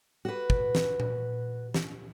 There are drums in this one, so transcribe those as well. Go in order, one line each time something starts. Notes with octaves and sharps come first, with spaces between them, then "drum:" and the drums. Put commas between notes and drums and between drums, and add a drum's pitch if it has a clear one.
F#4 B4
drum: kick
drum: snare
drum: tom A#2
drum: snare